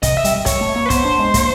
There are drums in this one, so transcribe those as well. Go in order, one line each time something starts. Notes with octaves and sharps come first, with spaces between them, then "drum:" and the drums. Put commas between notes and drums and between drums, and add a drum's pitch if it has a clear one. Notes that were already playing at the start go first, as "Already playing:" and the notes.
C3 D#5, drum: kick, hi-hat
E5
G3, drum: hi-hat
G3
C#5, drum: kick, hi-hat
A3
A#3
B4
B3 C5, drum: kick, hi-hat
D4
G#3
A#3, drum: kick, hi-hat